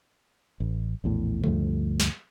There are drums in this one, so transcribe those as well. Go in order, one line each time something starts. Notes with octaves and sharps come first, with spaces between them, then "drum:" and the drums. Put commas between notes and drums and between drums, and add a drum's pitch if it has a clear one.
A1
A#1 E2 A2
D2 G2 F3 A3, drum: tom C3
drum: snare